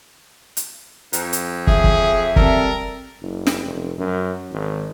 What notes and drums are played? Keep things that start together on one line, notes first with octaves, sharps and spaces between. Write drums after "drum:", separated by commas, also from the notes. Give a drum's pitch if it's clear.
drum: hi-hat
F2, drum: hi-hat
drum: hi-hat
G#4 E5, drum: kick
drum: kick
G3 C4 A4 A#4, drum: kick
F#1
drum: snare
F1
F#2
G#1